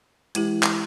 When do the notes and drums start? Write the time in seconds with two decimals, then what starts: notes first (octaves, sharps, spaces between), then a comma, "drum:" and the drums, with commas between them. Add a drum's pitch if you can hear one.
0.35 E3 G#3 E4 G4, drum: hi-hat
0.63 drum: clap